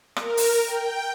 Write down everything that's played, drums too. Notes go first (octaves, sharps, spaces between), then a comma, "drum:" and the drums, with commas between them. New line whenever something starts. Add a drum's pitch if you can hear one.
A#4, drum: rim click
drum: open hi-hat
G5